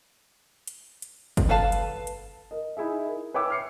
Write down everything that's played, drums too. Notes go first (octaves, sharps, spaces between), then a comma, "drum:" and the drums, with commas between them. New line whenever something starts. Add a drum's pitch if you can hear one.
drum: hi-hat
drum: hi-hat
drum: kick, hi-hat
A4 B4 F5 A5
drum: hi-hat
drum: hi-hat
A#4 D#5
D#4 E4 G#4 E5
A#4
B4 C#5 E5 G5 D6 E6
F6 C7 C#7